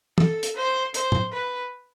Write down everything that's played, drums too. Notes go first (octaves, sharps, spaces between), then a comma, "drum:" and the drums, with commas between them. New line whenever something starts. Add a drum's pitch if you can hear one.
A4, drum: tom
drum: hi-hat
C5
C5, drum: hi-hat
drum: tom
B4